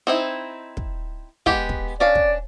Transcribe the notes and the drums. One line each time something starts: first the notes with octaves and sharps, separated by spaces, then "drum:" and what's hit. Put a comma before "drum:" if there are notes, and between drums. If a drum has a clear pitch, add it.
C4 D#4 E4
drum: kick
G#3 B3 G4, drum: kick
drum: kick
C#4 D4 D5 F5
drum: kick